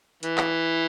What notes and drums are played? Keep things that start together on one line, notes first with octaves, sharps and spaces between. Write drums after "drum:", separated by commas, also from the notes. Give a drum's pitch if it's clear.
E3, drum: hi-hat
drum: clap